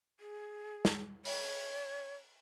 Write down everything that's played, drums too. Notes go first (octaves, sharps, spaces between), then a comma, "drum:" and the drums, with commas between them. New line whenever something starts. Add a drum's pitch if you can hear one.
G#4
drum: snare
C#5, drum: open hi-hat